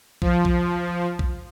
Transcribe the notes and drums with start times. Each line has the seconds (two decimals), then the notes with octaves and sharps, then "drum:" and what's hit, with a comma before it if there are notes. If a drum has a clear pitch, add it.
0.22 F3, drum: kick B1
0.45 drum: kick B1
1.19 drum: kick B1